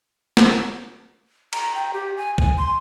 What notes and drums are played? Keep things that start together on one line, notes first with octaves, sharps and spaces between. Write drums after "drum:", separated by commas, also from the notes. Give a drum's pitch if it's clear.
drum: snare
A#5, drum: cymbal
G5
G4
G#5
G#5, drum: kick
C6